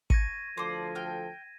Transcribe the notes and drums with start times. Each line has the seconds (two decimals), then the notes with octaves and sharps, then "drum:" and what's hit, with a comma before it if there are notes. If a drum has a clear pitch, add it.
0.10 C#6 G#6 A#6 D#7, drum: kick
0.57 D2 F3 A4 C5 D5
0.95 G5 F6